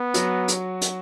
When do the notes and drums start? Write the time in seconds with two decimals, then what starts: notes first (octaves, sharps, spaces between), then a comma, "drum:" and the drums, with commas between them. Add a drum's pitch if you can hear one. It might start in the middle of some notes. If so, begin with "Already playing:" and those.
Already playing: B3
0.14 F#3 F#4, drum: hi-hat
0.48 drum: hi-hat
0.81 drum: hi-hat